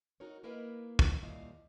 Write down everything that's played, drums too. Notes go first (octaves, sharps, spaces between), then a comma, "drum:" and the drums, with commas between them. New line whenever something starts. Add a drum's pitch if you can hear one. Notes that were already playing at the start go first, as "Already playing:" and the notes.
D#4 F#4 A#4 C#5
A#3 E4 A#4 B4 D#5 F5
drum: kick
D#2 A#2 G3 E4 D#5 F5